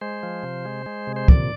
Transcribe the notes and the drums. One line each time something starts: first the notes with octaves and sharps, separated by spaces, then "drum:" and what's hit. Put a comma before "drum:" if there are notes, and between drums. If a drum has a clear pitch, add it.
G#3 C5
F3
C3
G#3
G#3
C3
C5
A#2 D5, drum: kick